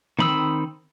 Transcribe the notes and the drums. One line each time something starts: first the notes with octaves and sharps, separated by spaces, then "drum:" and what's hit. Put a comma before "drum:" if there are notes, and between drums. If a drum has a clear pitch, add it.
D#3 C4 B5 D#6 E6, drum: tom D3